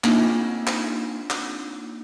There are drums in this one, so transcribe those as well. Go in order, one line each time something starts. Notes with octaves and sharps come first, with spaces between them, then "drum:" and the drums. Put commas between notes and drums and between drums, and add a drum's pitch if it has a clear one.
A#3 C4 D4 D#4 F4, drum: clap
drum: clap
drum: clap